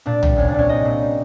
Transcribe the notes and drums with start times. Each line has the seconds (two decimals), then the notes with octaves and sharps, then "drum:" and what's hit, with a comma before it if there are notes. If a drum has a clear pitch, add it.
0.06 A#2 D4 D5
0.23 G3, drum: tom
0.36 C2 C#4 C#5
0.48 D4 D5
0.55 A#2 C#4 C#5
0.69 A#3 D#4 D#5
0.85 A#2
1.01 G3